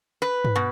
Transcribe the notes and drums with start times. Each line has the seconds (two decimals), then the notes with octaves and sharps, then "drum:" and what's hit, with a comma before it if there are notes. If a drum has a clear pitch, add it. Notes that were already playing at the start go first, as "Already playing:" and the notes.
0.22 B4
0.44 drum: tom G2
0.56 B2